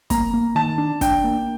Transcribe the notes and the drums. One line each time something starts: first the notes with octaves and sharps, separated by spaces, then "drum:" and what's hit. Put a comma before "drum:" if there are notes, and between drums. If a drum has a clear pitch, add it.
A#3 A#5, drum: kick, hi-hat
A#3
D#3 A5
D4
D4 G5, drum: kick, hi-hat
A#3